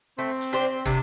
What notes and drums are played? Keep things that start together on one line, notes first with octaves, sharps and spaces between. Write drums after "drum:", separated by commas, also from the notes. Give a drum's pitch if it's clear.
A3 C4
drum: hi-hat
D4 G4 C5
C3 D4, drum: kick, hi-hat